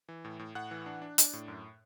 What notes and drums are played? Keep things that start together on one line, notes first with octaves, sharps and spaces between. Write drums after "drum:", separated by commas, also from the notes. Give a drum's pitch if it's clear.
E3
A2
A2
A2 F#5 F#6
E3
D4
D4
D4, drum: hi-hat
A2
F#2